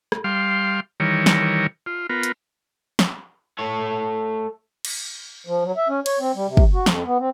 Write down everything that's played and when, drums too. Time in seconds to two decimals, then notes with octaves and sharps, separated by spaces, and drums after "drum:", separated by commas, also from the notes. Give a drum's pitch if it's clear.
0.12 drum: rim click
0.24 G3 F5 C6
1.00 D#3 E3 G3 A#4 C#5
1.26 drum: snare
1.86 F4
2.09 B3 F4 A#4
2.23 drum: hi-hat
2.99 drum: snare
3.59 A3 C#5
4.85 drum: cymbal
5.47 F3
5.64 F#3
5.77 E5
5.89 C#4
6.06 C#5, drum: cymbal
6.20 C4
6.35 G3
6.47 C3
6.57 drum: kick
6.74 F#4
6.86 F2, drum: snare
7.05 B3
7.19 C4